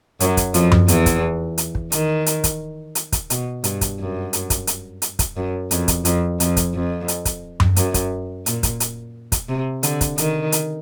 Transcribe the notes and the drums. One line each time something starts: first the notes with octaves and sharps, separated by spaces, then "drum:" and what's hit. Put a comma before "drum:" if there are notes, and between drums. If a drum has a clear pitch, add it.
F#2 F#3, drum: hi-hat
drum: kick, hi-hat
F2 F3, drum: hi-hat
drum: tom F#2
E2 E3, drum: hi-hat
drum: kick, hi-hat
drum: hi-hat
drum: kick
D#3, drum: hi-hat
drum: hi-hat
drum: kick, hi-hat
drum: hi-hat
drum: kick, hi-hat
B2, drum: hi-hat
G2, drum: hi-hat
drum: kick, hi-hat
F#2
drum: hi-hat
drum: kick, hi-hat
drum: hi-hat
drum: hi-hat
drum: kick, hi-hat
F#2
F2, drum: hi-hat
drum: kick, hi-hat
F2, drum: hi-hat
F2, drum: hi-hat
drum: kick, hi-hat
F2
drum: hi-hat
drum: kick, hi-hat
drum: tom F#2
F#2, drum: hi-hat
drum: kick, hi-hat
A#2, drum: hi-hat
drum: kick, hi-hat
drum: hi-hat
drum: kick, hi-hat
C3
D3, drum: hi-hat
drum: kick, hi-hat
D#3, drum: hi-hat
drum: hi-hat